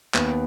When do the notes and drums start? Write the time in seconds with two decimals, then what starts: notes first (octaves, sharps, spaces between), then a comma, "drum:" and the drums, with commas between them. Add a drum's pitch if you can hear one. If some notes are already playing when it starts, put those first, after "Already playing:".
0.14 D#2 B3, drum: clap